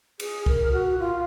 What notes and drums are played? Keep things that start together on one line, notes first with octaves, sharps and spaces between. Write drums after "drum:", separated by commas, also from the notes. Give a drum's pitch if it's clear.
G#4, drum: cymbal
A#4, drum: kick
F#4
F4